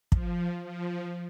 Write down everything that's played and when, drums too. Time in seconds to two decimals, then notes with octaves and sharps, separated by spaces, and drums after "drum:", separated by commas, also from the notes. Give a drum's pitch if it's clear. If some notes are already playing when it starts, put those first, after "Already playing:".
0.12 F3, drum: kick
0.64 F3